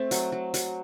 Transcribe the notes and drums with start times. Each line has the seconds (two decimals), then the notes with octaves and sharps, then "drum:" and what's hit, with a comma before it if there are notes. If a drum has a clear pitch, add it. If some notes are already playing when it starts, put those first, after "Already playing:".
Already playing: A3 C4
0.11 F#3, drum: hi-hat
0.32 F#3
0.54 F#3, drum: hi-hat